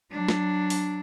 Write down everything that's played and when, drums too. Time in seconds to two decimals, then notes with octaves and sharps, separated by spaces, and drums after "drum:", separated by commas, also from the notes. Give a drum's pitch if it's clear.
0.12 F#3 D4
0.29 drum: snare
0.70 drum: open hi-hat